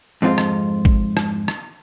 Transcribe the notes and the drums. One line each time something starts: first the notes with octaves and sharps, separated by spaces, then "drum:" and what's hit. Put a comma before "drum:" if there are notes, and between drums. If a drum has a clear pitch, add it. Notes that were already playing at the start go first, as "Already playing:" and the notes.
F2 G#2 C4 F4
drum: rim click
drum: kick
drum: rim click
drum: rim click